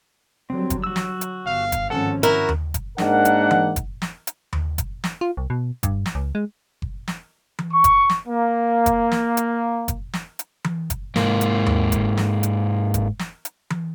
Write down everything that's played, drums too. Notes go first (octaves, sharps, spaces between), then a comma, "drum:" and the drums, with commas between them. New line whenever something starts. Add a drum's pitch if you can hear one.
D3 F#3 G3 C4
drum: kick F#1, hi-hat
F#3 F#4 E6
drum: snare
drum: hi-hat
G1 F5
drum: kick F#1, hi-hat
G#1 F3 C#4 A4 F#5
E4 F#4 A#4, drum: hi-hat
drum: tom D#2
drum: kick F#1, hi-hat
G#2 A#3 D4 A#4 D#5 F#5, drum: snare
drum: hi-hat
drum: tom E3
drum: kick F#1, hi-hat
drum: snare
drum: hi-hat
drum: tom D#2
drum: kick F#1, hi-hat
drum: snare
F4
C2
B2
G2, drum: kick F#1, hi-hat
drum: snare
C#2
G#3
drum: kick F#1
drum: snare
drum: tom E3
C#6
drum: kick F#1, hi-hat
drum: snare
A#3
drum: kick F#1, hi-hat
drum: snare
drum: hi-hat
drum: kick F#1, hi-hat
drum: snare
drum: hi-hat
drum: tom E3
drum: kick F#1, hi-hat
G#2 A#3, drum: snare
drum: hi-hat
drum: tom D#2
drum: kick F#1, hi-hat
drum: snare
drum: hi-hat
drum: kick F#1, hi-hat
drum: snare
drum: hi-hat
drum: tom E3